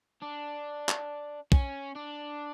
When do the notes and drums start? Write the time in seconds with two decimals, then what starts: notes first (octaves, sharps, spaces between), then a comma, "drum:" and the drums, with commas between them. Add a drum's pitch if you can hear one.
0.22 D4
0.89 drum: clap
1.52 C#4, drum: kick
1.95 D4